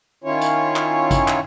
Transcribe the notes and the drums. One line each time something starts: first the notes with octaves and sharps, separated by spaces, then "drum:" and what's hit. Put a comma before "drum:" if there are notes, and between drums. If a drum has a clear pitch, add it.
D#3 C#4 E4 F4 C#5
drum: hi-hat
drum: clap
drum: kick, hi-hat
drum: clap